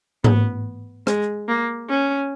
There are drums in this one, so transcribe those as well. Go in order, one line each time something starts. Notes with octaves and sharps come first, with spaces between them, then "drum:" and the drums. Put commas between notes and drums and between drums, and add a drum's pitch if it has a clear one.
B3, drum: tom G#2
G#3, drum: rim click
A#3
C#4